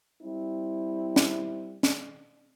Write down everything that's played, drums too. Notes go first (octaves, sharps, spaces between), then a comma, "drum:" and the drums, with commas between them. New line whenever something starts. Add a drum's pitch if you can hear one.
G3 C4 E4
drum: snare
drum: snare